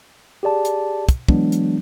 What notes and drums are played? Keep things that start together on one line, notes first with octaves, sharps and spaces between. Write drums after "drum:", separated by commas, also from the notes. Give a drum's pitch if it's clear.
G4 G#4 D5 A5
drum: hi-hat
drum: kick, hi-hat
E3 F#3 G#3 B3 D4, drum: kick
drum: hi-hat